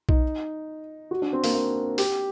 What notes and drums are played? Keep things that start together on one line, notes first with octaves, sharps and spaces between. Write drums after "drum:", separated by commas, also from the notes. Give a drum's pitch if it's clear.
D#4, drum: kick B1
F#4
D4
C4
A#3, drum: open hi-hat
A#3
G4, drum: open hi-hat